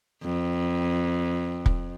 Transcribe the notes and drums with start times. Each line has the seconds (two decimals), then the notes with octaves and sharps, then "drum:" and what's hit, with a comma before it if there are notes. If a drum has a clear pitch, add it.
0.23 F2
1.66 drum: kick